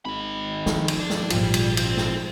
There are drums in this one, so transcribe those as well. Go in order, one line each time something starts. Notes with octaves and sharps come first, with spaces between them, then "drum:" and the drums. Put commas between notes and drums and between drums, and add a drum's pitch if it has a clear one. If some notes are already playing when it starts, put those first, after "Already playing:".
G#1 D#3 B5
F3, drum: snare
drum: cymbal
D4
drum: snare
G#1 A#2 F3 G3, drum: cymbal
drum: cymbal
F3 C5 G5, drum: cymbal
drum: snare